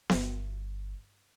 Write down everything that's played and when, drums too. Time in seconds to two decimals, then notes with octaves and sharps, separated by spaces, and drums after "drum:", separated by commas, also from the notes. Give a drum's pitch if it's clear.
0.10 D1 G1, drum: snare B3